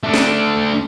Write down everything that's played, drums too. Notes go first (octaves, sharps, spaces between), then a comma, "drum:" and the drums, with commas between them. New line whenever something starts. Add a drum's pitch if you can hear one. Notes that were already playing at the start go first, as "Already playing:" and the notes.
A3 D4
drum: snare